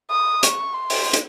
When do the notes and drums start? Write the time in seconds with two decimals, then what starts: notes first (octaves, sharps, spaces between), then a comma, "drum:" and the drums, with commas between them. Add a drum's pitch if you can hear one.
0.11 D#6
0.43 C#6, drum: hi-hat
0.74 C6
0.90 drum: open hi-hat
1.13 drum: hi-hat